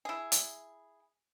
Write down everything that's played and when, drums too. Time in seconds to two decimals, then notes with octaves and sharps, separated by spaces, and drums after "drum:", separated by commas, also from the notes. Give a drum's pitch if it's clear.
0.05 E4 G#4
0.32 drum: hi-hat